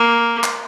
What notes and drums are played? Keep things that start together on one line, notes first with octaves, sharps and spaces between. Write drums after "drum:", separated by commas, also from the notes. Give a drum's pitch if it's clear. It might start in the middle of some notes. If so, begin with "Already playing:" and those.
Already playing: A#3
drum: clap